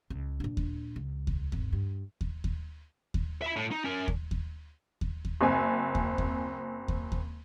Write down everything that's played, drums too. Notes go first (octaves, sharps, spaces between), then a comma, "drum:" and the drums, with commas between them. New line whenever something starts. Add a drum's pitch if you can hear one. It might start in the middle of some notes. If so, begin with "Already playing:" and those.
C#2
A#2 D4
drum: kick D#2
C#2
drum: kick D#2
G#1, drum: kick D#2
G2
drum: kick D#2
drum: kick D#2
drum: kick D#2
E5 B5
A2
D#4
C#4 A#4
drum: kick D#2
drum: kick D#2
drum: kick D#2
drum: kick D#2
F#1 C4 G#5
drum: kick D#2
drum: kick D#2
drum: kick D#2
drum: kick D#2